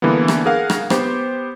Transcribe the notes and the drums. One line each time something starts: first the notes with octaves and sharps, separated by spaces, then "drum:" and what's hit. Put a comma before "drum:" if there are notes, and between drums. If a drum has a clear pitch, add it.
D3 E3 G3 A#3 B3
drum: rim click
G#4 A#4 F5 F#5
drum: rim click
B3 G4 C5, drum: rim click